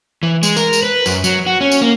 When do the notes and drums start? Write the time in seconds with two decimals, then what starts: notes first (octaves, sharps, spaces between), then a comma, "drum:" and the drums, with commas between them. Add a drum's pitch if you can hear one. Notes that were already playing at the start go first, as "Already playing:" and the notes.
0.23 E3
0.43 G#3, drum: tambourine
0.56 A#4, drum: tambourine
0.73 drum: tambourine
0.83 B4
1.06 F#2, drum: tambourine
1.24 F#3, drum: tambourine
1.47 F#4
1.61 C#4
1.72 drum: tambourine
1.81 A#3